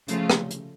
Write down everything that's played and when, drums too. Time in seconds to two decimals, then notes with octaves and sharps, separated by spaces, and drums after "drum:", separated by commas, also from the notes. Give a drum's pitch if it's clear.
0.08 C#3 F3 A3 F4, drum: hi-hat
0.30 drum: rim click
0.51 drum: hi-hat